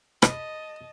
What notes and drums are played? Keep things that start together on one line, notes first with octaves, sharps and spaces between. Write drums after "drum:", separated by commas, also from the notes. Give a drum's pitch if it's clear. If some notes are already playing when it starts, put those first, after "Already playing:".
D#5 A5 B5, drum: rim click